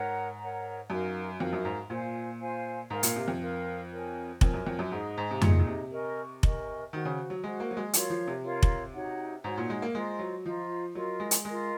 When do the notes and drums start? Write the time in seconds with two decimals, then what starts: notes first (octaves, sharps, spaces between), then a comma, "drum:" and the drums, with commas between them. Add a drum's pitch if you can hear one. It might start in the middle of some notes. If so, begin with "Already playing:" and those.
Already playing: G#2 A#4 C#5 F#5 A#5
0.39 A#4 C#5 F#5 A#5
0.89 F#2 D#4 F#4 A#4 F5
1.39 F2 D#4 F#4 A#4 F5
1.53 F#2
1.65 G#2
1.90 A#2 F4 C5 F5 G#5
2.40 F4 C5 F5 G#5
2.90 G#2 A#4 F5 C6
3.03 A#2, drum: hi-hat
3.16 C3
3.28 F2
3.41 A#4 F5 C6
3.92 A#4 C#5 G#5
4.41 F2 A#4 C#5 G#5, drum: kick F1
4.54 F#2
4.67 F2
4.79 F#2
4.92 G#2 D#4 G#4 D#5
5.18 G#2
5.31 C3
5.41 A#2 D#4 G#4 D#5, drum: tom F2
5.59 A#2
5.67 C3
5.93 A#4 D#5 G#5 C#6
6.43 A#4 D#5 G#5 C#6, drum: kick F1
6.93 D#3 F#4 C5 F#5
7.05 C#3
7.30 F#3
7.43 G#3 F#4 C5 F#5
7.60 A#3
7.71 F#3
7.77 G#3
7.93 F#3 F4 A#4 C#5 F5, drum: hi-hat
8.10 F3
8.28 C3
8.43 F4 A#4 C#5 F5
8.63 drum: kick F1
8.94 D#4 F#4 C#5 F#5
9.44 G#2 D#4 F#4 C#5 F#5
9.58 A#2
9.70 G#3
9.82 A#3
9.95 G#3 F4 C5 D#5 A#5
10.19 F#3
10.45 F3 F4 C5 D#5 A#5
10.95 F#3 F4 A#4 D#5
11.20 G#3
11.31 drum: hi-hat
11.45 G#3 F4 A#4 D#5